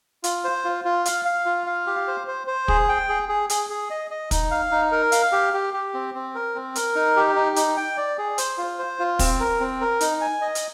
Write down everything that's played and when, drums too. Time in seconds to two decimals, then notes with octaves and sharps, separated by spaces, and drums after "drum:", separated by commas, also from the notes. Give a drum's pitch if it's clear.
0.24 F4, drum: hi-hat
0.44 C5
0.64 F4
0.85 F4
1.05 F5, drum: hi-hat
1.25 F5
1.46 F4
1.66 F5
1.87 G4
2.08 C5
2.27 C5
2.47 C5
2.68 G#4, drum: kick
2.89 G5
3.09 G#4
3.29 G#4
3.50 G#4, drum: hi-hat
3.70 G#4
3.90 D#5
4.11 D#5
4.31 D#4, drum: kick, hi-hat
4.51 F5
4.71 D#4
4.92 A#4
5.12 F5, drum: hi-hat
5.32 G4
5.54 G4
5.74 G4
5.94 C4
6.14 C4
6.35 A#4
6.55 C4
6.75 A#4, drum: hi-hat
6.95 D#4
7.16 G4
7.36 D#4
7.56 D#4, drum: hi-hat
7.77 G5
7.97 D5
8.18 G#4
8.38 C5, drum: hi-hat
8.58 F4
8.79 C5
8.99 F4
9.19 C4, drum: kick, open hi-hat
9.40 A#4
9.60 C4
9.81 A#4
10.01 D#4, drum: hi-hat
10.21 G#5
10.41 D#5
10.55 drum: hi-hat